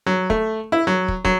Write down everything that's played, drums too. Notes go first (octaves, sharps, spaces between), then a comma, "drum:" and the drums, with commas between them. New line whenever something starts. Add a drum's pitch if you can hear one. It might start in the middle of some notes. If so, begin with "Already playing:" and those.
F#3
A3, drum: kick
E4
F#3
drum: kick
F#3, drum: kick